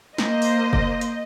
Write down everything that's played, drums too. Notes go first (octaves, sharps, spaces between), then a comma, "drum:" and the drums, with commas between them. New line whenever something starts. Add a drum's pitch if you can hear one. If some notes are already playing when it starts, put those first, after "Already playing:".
A#3 C5 D#5, drum: snare
drum: open hi-hat
drum: kick F#1
drum: hi-hat